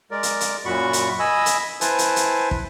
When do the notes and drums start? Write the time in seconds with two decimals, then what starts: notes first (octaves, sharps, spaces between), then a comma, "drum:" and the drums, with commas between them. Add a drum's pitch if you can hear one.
0.11 G#3 A#4 D5
0.23 drum: hi-hat
0.41 drum: hi-hat
0.66 F#2 A#2 F#4 B5 C#6
0.93 drum: hi-hat
1.20 D#5 G#5 B5 E6
1.46 drum: hi-hat
1.81 E4 B4 C5 G#5 A5, drum: hi-hat
1.99 drum: hi-hat
2.16 drum: hi-hat
2.51 drum: kick